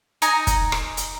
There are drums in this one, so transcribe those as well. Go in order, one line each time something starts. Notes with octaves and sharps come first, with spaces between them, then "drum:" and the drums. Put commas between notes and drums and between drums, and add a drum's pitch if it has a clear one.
D#4 G#5 A#5, drum: hi-hat
drum: kick, hi-hat
drum: rim click
drum: hi-hat